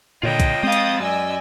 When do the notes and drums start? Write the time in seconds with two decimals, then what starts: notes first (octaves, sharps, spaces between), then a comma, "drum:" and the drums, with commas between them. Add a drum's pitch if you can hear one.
0.23 A#2 D3 F4 C#5 D#5 G5
0.40 drum: kick B1, hi-hat
0.63 G#3 C4 F5 D#6 G6 A6
0.72 drum: hi-hat
0.99 F#2 D5 D#5 G#5 E6